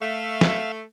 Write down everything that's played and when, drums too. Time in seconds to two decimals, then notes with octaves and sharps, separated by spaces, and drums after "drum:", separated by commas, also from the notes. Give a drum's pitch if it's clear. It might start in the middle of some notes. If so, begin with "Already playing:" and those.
0.02 A3 E5 F5
0.41 drum: snare